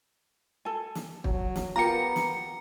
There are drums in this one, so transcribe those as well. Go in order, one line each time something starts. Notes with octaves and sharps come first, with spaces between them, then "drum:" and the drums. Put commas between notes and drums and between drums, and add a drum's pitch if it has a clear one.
A4 G#5
drum: snare
F#3, drum: kick
drum: snare
B3 F4 G4 A#4 A#5 C#7
drum: snare